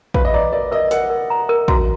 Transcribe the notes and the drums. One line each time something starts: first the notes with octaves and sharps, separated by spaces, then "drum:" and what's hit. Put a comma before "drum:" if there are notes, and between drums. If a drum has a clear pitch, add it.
B4 F5, drum: kick A1
D#5
D5 A#5
A#4 D5
A#4 D#5
A#4 F#5, drum: hi-hat
A#4
A#5
A#4
F#4 A#5, drum: kick A1